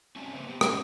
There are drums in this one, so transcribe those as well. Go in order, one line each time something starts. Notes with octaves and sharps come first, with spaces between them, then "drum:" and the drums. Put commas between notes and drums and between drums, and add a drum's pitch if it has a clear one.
C4 C#4 F#4 E5 G#5 A5
C#3 A#3 B4 C5
B3 G4
C3 G#3 C#4 D#4, drum: rim click